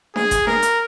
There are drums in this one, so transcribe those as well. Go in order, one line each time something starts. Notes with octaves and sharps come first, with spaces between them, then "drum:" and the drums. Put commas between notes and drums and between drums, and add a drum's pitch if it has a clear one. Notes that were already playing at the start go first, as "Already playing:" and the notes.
G#4, drum: snare D4
drum: kick G1, hi-hat
A#4, drum: snare D4
drum: hi-hat